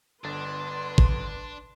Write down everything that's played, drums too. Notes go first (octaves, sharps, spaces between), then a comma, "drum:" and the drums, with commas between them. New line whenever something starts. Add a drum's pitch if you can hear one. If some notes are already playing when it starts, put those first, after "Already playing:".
G1 D3 D4 B4 C6 A6
drum: kick G#1